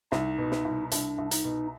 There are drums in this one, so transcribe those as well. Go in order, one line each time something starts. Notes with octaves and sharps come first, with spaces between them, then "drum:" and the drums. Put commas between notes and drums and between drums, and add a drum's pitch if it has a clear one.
C2 D#4, drum: snare
B2
drum: snare
C2
C2 D4, drum: hi-hat
C2
D#4, drum: hi-hat
B2